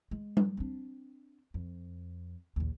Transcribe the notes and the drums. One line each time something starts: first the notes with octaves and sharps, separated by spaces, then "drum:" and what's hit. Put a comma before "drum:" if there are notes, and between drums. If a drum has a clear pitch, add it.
G#3
drum: tom G3
C4 D4
F2
A#1 D#2